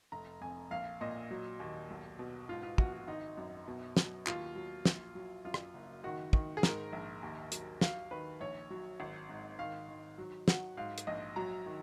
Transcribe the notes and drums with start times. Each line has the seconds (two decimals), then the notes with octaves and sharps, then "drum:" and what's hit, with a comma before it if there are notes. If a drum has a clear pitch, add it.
0.12 F1 A#5
0.41 F2 G#5
0.71 A#1 F5
1.01 A#2 D#5
1.31 F#3
1.60 D#2
1.90 B1
2.19 B2
2.49 G#2 F4
2.63 F4
2.78 A#1 F#4, drum: kick
2.93 F#4
3.08 G#1 D#4
3.37 F#2
3.68 B2
3.97 F#3, drum: snare
4.27 D#2 F4, drum: clap
4.56 F#3
4.85 A#1, drum: snare
5.15 F#3
5.45 F#2 F4
5.54 drum: rim click
5.74 F#1
6.04 D#3 F#4
6.33 D#3, drum: kick
6.57 G#4
6.63 G#2 A#4, drum: snare
6.92 A#1
7.23 D#2
7.52 F#3, drum: hi-hat
7.81 F#3 F5, drum: snare
8.11 D#3 B4
8.40 A#1 C#5
8.70 F#3
9.00 G#1
9.29 G#2
9.59 D#3 F5
9.88 D#3
10.18 F#3
10.48 F#3 F#5, drum: snare
10.77 G#2 F5
10.98 drum: hi-hat
11.07 A#1 D#5
11.36 F#3 A#5
11.66 D#3